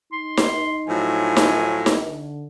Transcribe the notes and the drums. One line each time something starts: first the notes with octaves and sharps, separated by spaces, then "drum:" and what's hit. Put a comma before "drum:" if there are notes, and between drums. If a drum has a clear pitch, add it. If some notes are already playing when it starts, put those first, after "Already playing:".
D#4 C6
drum: snare D#4
A2 F3 F#3 G#5
drum: snare D#4
drum: snare D#4
D3